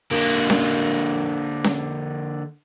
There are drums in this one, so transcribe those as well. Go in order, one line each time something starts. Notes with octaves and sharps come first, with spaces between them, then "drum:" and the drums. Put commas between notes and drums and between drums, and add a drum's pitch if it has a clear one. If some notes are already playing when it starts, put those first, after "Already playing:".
D3 A#3
drum: snare C#4
drum: snare C#4